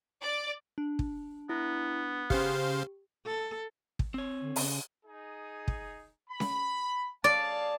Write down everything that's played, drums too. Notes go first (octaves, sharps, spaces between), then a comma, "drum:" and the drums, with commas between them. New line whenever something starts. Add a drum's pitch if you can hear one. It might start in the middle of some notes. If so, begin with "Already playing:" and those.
D5
D4
drum: kick
B3 E4
C#3 G4 C5 F5, drum: kick
A4
drum: kick
C4 C#5
D3
C#3, drum: open hi-hat
D#4 G#4
drum: kick
B5
drum: snare C#4
G#4 D5 F5 A5